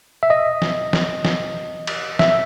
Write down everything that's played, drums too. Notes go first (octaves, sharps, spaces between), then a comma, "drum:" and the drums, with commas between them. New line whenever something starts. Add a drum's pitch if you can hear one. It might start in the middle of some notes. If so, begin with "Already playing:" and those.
E5
D#5
drum: snare
drum: snare
drum: snare
drum: cymbal
E5, drum: snare